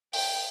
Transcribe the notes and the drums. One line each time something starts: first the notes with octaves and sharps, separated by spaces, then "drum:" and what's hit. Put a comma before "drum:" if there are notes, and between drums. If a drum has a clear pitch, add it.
G5, drum: open hi-hat